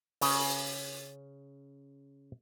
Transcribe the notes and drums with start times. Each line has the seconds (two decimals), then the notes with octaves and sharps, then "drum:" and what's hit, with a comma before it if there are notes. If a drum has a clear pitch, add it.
0.21 C#3 C#4, drum: open hi-hat